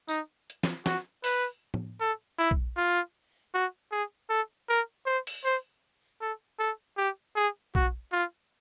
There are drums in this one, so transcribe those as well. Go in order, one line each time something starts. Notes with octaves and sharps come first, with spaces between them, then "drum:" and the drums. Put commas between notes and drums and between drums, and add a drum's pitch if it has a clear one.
D#4, drum: tambourine
drum: hi-hat
drum: snare
F#4, drum: snare
B4, drum: open hi-hat
drum: tom
A4
E4
drum: kick A#1
F4
F#4
G#4
A4
A#4
C5
drum: open hi-hat
C5
A4
A4
G4
G#4
F#4, drum: kick A#1
F4